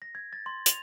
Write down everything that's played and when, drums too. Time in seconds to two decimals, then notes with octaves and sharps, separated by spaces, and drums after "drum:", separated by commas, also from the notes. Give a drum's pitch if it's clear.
0.02 A#6
0.15 G#6
0.33 A6
0.46 C6
0.66 F7, drum: hi-hat